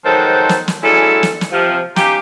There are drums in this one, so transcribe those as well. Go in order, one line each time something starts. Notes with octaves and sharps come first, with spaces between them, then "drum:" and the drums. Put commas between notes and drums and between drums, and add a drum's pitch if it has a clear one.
D#3 F3 F#3 G#3 A4 C5
drum: snare
drum: snare
F#3 G#3 C#4 D4 E4 A4
drum: snare
drum: snare
C3 F3
C#4 D#4 F4 G4, drum: snare